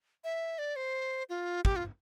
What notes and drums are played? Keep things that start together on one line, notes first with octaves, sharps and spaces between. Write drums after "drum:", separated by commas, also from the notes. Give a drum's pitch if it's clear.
E5
D5
C5
F4
G4, drum: kick
F4